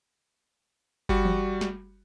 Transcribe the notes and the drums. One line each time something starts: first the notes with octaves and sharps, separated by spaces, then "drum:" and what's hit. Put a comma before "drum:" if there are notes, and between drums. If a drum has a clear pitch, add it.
G3 F#4, drum: kick G1
drum: tom E3
drum: snare